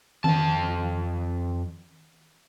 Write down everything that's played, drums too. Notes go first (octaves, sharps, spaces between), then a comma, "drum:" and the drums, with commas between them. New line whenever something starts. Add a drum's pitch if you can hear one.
F2 A5, drum: tom D#3